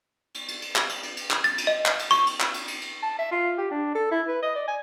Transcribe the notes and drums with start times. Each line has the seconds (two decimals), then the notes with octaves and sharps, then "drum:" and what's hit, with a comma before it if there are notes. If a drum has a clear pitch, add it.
0.35 drum: cymbal
0.48 drum: cymbal
0.62 drum: cymbal
0.76 drum: clap
0.89 drum: cymbal
1.03 drum: cymbal
1.17 drum: cymbal
1.31 drum: clap
1.44 A6, drum: cymbal
1.58 drum: cymbal
1.67 D#5
1.85 drum: clap
1.99 drum: cymbal
2.11 C#6, drum: cymbal
2.27 drum: cymbal
2.40 drum: clap
2.54 drum: cymbal
2.68 drum: cymbal
2.81 drum: cymbal
3.03 A5
3.19 E5
3.31 F4
3.58 G4
3.71 D4
3.95 A4
4.11 E4
4.28 B4
4.43 D#5
4.56 D5
4.68 G#5